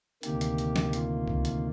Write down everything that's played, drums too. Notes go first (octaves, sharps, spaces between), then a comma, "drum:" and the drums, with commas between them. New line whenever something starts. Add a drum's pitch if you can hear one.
D2 C3 D#3 A#3 G4, drum: hi-hat
drum: hi-hat
drum: hi-hat
drum: snare
F4, drum: hi-hat
drum: kick
drum: hi-hat